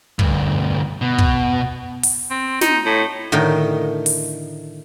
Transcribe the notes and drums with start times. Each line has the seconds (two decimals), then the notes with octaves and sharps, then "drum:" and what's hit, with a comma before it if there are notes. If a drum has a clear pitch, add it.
0.19 D2 G2, drum: kick
1.01 B2
1.18 drum: kick
2.03 drum: open hi-hat
2.30 C4
2.61 D#4, drum: snare
2.85 A2
3.32 A2 D3 D#3 A#4 G5
4.06 drum: open hi-hat